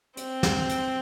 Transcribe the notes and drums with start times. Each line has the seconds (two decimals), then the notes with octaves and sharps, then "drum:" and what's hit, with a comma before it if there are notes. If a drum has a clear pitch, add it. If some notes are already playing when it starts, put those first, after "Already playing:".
0.17 C4, drum: hi-hat
0.43 drum: snare
0.69 drum: hi-hat